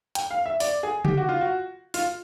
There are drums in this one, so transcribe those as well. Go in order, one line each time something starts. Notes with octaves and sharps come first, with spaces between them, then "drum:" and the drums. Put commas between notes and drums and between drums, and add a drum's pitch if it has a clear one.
G5, drum: hi-hat
F5
E5
D5, drum: open hi-hat
G#4
G4, drum: tom C#3
F#4
F4
F#4
F4, drum: open hi-hat